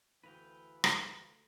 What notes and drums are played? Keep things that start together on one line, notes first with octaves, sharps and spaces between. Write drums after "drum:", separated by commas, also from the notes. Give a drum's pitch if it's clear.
D2 E3 B4 F5 G5
drum: rim click